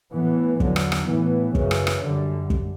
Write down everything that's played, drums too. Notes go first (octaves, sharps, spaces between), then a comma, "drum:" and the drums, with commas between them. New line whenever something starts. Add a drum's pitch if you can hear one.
A2 E3 B3
E2 D3 F#3, drum: kick
drum: rim click
drum: rim click
A2 E3 B3
F#2 C#3 E3, drum: kick
drum: rim click
drum: rim click
F#2 D3 G3
drum: kick